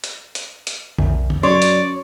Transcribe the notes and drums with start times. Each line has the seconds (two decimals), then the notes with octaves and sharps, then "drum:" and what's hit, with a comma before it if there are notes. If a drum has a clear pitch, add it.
0.04 drum: hi-hat
0.35 drum: hi-hat
0.67 drum: hi-hat
0.98 B1 F2, drum: tom D3
1.30 drum: tom D3
1.43 F#2 C#5 D5 C6
1.62 drum: hi-hat